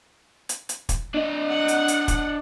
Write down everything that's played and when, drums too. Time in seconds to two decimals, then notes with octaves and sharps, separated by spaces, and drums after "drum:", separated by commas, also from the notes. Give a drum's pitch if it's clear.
0.49 drum: hi-hat
0.69 drum: hi-hat
0.89 drum: kick, hi-hat
1.14 D4 D#5
1.48 F#5
1.68 drum: hi-hat
1.88 drum: hi-hat
2.08 drum: kick, hi-hat